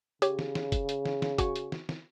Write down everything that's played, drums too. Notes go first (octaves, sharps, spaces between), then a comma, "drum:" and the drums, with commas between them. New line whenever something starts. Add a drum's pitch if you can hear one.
C#3 G4 C#5, drum: hi-hat
drum: snare
drum: snare
drum: kick, hi-hat
drum: hi-hat
drum: snare
drum: snare
F#4 G#5 C#6, drum: kick, hi-hat
drum: hi-hat
drum: snare
drum: snare